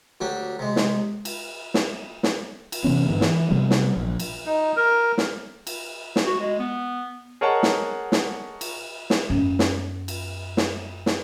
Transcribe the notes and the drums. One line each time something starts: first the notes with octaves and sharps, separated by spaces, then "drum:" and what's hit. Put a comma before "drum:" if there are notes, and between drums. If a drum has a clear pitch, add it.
D2 F#3 D4 G4
C3 G#3
drum: snare
drum: cymbal
drum: snare
drum: snare
drum: cymbal
C3 E3 B3 C#4
G2 D3 E3 B3
E3, drum: snare
C3 F#3 G3 B3
drum: snare
A#1
drum: cymbal
D#4
A#4
drum: snare
drum: cymbal
drum: snare
F#4
G#3
B3
G#4 A#4 C#5 D#5 F#5 A5
drum: snare
drum: snare
drum: cymbal
drum: snare
F#2 B3
drum: snare
drum: cymbal
drum: snare
drum: snare